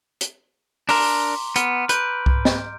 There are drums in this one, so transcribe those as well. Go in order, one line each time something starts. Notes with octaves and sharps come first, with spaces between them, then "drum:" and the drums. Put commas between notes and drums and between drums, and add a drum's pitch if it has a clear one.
drum: hi-hat
D4 A#4 A#5 C6 D6, drum: open hi-hat
B3 F6, drum: hi-hat
B4 G6 D7, drum: hi-hat
drum: kick C2
drum: snare